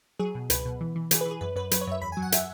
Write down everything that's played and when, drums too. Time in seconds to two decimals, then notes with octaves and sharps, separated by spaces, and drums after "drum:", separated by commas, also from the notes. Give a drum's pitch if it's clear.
0.19 F#3 G#4
0.35 B2
0.50 C#2 B4, drum: hi-hat
0.65 B2
0.81 E3
0.96 E3
1.11 E3 G#4, drum: hi-hat
1.21 B4
1.26 E3
1.31 G#4
1.41 F#2 B4
1.56 F#2 B4
1.71 F#3 B4, drum: hi-hat
1.81 C#5
1.87 F#2 E5
2.02 E2 B5
2.12 G#5
2.17 F#3
2.22 F#5
2.32 E5, drum: hi-hat